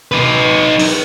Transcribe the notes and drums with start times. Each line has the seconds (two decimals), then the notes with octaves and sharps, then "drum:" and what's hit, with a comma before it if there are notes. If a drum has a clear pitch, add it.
0.12 D#4 B4
0.79 drum: open hi-hat